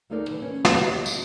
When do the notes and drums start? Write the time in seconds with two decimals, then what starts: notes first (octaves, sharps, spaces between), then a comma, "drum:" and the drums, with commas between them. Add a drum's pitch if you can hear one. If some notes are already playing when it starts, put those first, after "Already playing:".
0.10 D2 A3 D#4 G#4 A#4 D5
0.30 E3
0.42 C#4
0.65 B3 F#4 G#4 C#5, drum: snare
0.85 G4 D#5 E5
1.06 C#4 F#4, drum: tambourine